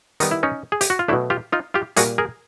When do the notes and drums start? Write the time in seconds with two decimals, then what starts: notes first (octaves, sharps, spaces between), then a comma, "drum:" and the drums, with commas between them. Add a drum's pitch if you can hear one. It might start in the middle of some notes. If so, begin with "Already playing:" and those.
0.20 D#3 G3 B3 D#4, drum: hi-hat
0.31 E4
0.43 C#4 D#4
0.72 G#4
0.81 G4, drum: hi-hat
0.90 F#4
0.99 F4
1.08 B2 F#3 A3 D4 E4
1.30 F4 G4
1.52 D#4 F4
1.74 F4 G4
1.97 A#2 G3 A#3 F#4 G#4, drum: hi-hat
2.18 G#4 A#4